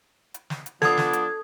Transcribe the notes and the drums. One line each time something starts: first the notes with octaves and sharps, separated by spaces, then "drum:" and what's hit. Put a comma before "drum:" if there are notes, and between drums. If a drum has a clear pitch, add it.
drum: hi-hat
drum: snare
drum: hi-hat
F3 B3 D4 A4 D#6 G#6, drum: snare
drum: snare
drum: hi-hat